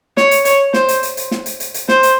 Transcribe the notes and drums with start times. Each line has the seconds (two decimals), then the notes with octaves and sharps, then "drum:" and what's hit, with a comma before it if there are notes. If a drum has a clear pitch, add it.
0.17 C#5, drum: snare
0.31 drum: hi-hat
0.45 C#5, drum: hi-hat
0.74 C5, drum: snare
0.89 drum: hi-hat
1.03 drum: hi-hat
1.17 drum: hi-hat
1.31 drum: snare
1.46 drum: hi-hat
1.60 drum: hi-hat
1.74 drum: hi-hat
1.89 C5, drum: snare
2.03 drum: hi-hat